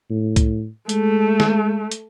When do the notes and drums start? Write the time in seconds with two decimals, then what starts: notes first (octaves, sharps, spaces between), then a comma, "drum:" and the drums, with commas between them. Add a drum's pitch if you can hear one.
0.10 A2
0.36 drum: kick C2, hi-hat
0.89 G#3 A3, drum: hi-hat
1.40 drum: snare
1.91 drum: hi-hat